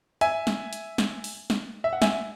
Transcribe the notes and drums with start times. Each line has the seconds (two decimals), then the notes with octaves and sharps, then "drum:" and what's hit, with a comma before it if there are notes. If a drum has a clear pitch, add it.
0.21 E5 G#5, drum: hi-hat
0.47 drum: snare
0.73 drum: hi-hat
0.98 drum: snare
1.24 drum: open hi-hat
1.50 drum: snare
1.84 E5
1.93 F#5
2.02 E5 G#5, drum: snare